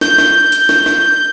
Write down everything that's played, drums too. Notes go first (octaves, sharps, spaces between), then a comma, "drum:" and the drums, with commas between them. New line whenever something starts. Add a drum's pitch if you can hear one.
G6, drum: snare
drum: snare
drum: hi-hat
drum: snare
drum: snare